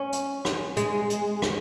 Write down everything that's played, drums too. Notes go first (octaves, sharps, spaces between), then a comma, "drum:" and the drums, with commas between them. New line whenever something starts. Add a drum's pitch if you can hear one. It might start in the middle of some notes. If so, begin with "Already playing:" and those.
Already playing: C#4
drum: hi-hat
drum: rim click
G#3, drum: hi-hat
drum: hi-hat
drum: rim click